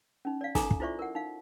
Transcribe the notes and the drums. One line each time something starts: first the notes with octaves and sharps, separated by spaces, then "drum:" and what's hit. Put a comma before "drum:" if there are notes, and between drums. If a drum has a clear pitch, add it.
C#4 D#4
D5 F5
D#4 A4 G#5 A#5 D6 D#6, drum: snare
drum: kick
E4 F4 C5 D5 E5 C#6
A#4 F#5
D#4 F5